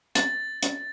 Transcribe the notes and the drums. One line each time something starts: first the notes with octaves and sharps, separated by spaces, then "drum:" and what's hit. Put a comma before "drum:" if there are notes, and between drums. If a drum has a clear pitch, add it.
A6, drum: hi-hat
drum: hi-hat